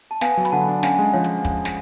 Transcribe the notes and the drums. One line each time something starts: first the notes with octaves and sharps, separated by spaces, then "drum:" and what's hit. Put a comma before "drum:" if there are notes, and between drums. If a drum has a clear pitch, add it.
A5
B3 F5 G#5, drum: snare
F#3
B5, drum: hi-hat
D3 F#5 A5
D4
C#4 F5 G#5, drum: snare
G#3
F3 C#5 F5
drum: hi-hat
drum: kick, hi-hat
drum: snare